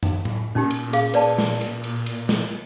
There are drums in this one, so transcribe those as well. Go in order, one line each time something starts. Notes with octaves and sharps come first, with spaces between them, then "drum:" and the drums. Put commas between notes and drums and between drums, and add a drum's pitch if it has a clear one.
drum: tom
drum: tom A2
A#2 C#4 D#4 G4
drum: cymbal
G#4 F5, drum: cymbal
B4 D5 A5, drum: cymbal
drum: snare
drum: cymbal
drum: cymbal
drum: cymbal
drum: snare